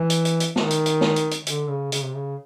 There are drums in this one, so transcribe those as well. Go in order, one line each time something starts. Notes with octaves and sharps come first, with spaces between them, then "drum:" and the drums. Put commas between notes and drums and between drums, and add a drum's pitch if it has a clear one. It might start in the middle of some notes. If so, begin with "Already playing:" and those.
Already playing: E3
drum: hi-hat
drum: hi-hat
drum: hi-hat
D#3, drum: snare
drum: hi-hat
drum: hi-hat
drum: snare
drum: hi-hat
drum: hi-hat
D3, drum: hi-hat
C#3
C#3, drum: hi-hat
C3
C#3